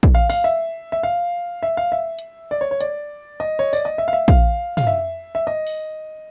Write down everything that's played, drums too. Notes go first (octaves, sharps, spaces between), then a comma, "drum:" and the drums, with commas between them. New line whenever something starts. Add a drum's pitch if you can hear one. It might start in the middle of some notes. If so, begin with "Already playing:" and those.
drum: kick A#1
F5
F5, drum: open hi-hat
E5
E5
F5
E5
F5
E5
drum: hi-hat
D5
C#5
C#5
D5, drum: hi-hat
D#5
C#5
D5, drum: tambourine
D#5
E5
F5
E5
F5, drum: kick A#1
F5, drum: tom
E5
E5
D#5
drum: open hi-hat